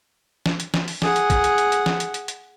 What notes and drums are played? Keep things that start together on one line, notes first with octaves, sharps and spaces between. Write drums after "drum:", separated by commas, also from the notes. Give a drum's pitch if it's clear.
drum: snare
drum: hi-hat
drum: snare
drum: open hi-hat
G#4 F#5, drum: snare
drum: hi-hat
drum: kick, hi-hat
drum: hi-hat
drum: hi-hat
drum: hi-hat
drum: snare
drum: hi-hat
drum: hi-hat
drum: hi-hat